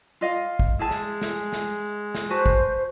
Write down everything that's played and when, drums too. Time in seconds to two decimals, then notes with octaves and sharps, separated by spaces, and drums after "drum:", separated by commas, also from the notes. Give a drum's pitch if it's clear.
0.21 F4 D#5 F5
0.59 drum: kick G#1
0.79 G#3 E4 G#4 A5
0.90 drum: snare
1.21 drum: snare
1.53 drum: snare
2.15 drum: snare
2.30 F#4 B4 C5 A5
2.46 drum: kick G#1